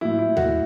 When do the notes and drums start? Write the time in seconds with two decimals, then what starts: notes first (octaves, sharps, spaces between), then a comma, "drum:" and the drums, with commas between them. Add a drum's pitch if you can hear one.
0.01 A2 F#3 E4
0.19 E4
0.37 F#4, drum: tom D#2